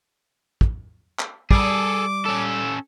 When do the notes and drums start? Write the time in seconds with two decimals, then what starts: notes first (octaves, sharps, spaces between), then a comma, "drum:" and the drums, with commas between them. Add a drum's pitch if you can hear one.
0.61 drum: kick
1.19 drum: clap
1.51 G3 G#4 A4 D6, drum: kick
2.26 C#4 A4